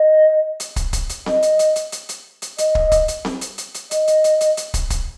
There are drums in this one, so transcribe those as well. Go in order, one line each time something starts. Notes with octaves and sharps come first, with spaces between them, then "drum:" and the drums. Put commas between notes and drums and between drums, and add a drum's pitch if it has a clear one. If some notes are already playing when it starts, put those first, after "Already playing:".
Already playing: D#5
drum: hi-hat
drum: kick, hi-hat
drum: kick, hi-hat
drum: hi-hat
D#5, drum: snare C4
drum: hi-hat
drum: hi-hat
drum: hi-hat
drum: hi-hat
drum: hi-hat
drum: hi-hat
D#5, drum: hi-hat
drum: kick
drum: kick, hi-hat
drum: hi-hat
drum: snare C4
drum: hi-hat
drum: hi-hat
drum: hi-hat
D#5, drum: hi-hat
drum: hi-hat
drum: hi-hat
drum: hi-hat
drum: hi-hat
drum: kick, hi-hat
drum: kick, hi-hat